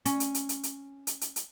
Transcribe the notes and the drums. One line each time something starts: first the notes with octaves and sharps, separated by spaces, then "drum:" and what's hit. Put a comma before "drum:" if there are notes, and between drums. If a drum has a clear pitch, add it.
C#4, drum: hi-hat
drum: hi-hat
drum: hi-hat
drum: hi-hat
drum: hi-hat
drum: hi-hat
drum: hi-hat
drum: hi-hat